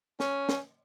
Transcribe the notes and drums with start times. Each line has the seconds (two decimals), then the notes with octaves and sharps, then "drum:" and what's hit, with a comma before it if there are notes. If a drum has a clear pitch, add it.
0.20 C#4, drum: snare
0.49 drum: snare